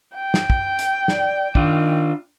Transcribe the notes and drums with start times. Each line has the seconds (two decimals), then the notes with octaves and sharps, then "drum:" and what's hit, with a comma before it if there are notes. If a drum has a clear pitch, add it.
0.15 G5
0.34 drum: snare
0.50 drum: kick
0.79 drum: hi-hat
1.08 D5, drum: snare
1.55 D#3 D4 F4, drum: kick